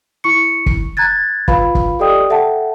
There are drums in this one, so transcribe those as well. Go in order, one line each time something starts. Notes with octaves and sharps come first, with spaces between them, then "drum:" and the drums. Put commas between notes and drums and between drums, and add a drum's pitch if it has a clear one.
E4 C#6 C#7
drum: kick
A#5 F#6 G#6 A6
F4 B4 F5 B5, drum: kick
drum: kick
G4 A4 D5 D#5 G5 D#6
A4 E5 F#5 G5 A5